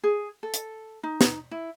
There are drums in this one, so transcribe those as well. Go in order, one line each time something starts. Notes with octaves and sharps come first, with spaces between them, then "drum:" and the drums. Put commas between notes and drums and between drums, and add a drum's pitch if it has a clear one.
G#4
A4
drum: hi-hat
D#4
drum: snare
E4